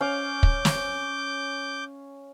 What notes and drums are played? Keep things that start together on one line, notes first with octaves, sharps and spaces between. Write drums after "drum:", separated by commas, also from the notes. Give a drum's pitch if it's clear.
C#4 F5 D6 G6
drum: kick
drum: snare